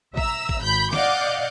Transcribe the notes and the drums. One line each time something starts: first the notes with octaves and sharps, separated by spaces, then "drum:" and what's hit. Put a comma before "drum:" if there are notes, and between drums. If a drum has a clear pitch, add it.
E5 A#5 E6, drum: kick
drum: kick
G#1 B5 G6
D5 D#5 F5 F#5 D6 G6, drum: snare